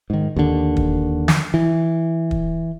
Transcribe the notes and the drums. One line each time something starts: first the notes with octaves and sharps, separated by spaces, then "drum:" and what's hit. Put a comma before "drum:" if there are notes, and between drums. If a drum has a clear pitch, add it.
G#2 D#3
D#2 D3
drum: kick
drum: snare
E3
drum: kick